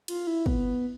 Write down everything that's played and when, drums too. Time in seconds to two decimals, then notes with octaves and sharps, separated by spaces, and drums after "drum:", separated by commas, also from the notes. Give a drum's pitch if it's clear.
0.08 F4, drum: cymbal
0.27 E4
0.46 B3, drum: kick